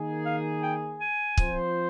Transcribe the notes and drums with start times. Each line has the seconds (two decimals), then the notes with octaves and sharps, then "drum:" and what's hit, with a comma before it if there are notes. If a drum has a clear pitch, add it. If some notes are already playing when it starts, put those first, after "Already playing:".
Already playing: D#3 A#3 D#4 G#4
0.26 F5
0.63 G5
1.00 G#5
1.37 F3 C4 F4 C5, drum: kick